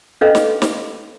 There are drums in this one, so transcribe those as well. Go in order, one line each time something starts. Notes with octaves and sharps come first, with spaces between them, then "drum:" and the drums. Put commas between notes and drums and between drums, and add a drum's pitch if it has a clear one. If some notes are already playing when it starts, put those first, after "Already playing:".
C#4 D4 A4 B4 D#5 F5
drum: snare
drum: snare